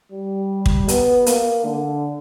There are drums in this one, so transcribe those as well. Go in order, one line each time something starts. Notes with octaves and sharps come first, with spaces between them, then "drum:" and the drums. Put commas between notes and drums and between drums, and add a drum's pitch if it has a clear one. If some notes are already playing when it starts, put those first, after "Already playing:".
G3
drum: kick
B3, drum: hi-hat
A#3, drum: hi-hat
D3